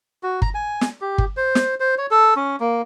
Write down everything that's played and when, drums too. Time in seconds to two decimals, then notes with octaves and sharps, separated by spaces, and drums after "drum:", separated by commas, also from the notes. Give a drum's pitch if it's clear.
0.23 F#4
0.42 A#5, drum: kick G1
0.55 G#5
0.81 drum: snare
1.01 G4
1.18 drum: kick G1
1.37 C5
1.55 drum: snare
1.80 C5
1.98 C#5
2.11 A4
2.36 C#4
2.60 A#3